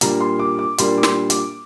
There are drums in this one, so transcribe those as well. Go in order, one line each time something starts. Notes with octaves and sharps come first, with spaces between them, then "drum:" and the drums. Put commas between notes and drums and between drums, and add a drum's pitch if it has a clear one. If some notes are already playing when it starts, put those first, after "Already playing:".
A#2 G3 A#3 D4 A#5, drum: hi-hat
C6
D6
D6
A#2 G3 A#3 D4 C6, drum: hi-hat
D6
C6, drum: snare
D6, drum: hi-hat